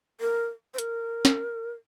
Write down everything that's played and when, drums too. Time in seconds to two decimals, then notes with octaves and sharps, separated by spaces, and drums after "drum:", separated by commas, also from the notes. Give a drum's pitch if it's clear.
0.21 A#4
0.74 C5
0.78 A#4, drum: hi-hat
1.25 drum: snare